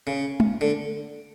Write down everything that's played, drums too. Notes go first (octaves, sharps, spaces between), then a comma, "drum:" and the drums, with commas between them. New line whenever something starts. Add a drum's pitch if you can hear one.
C#3
drum: tom
D3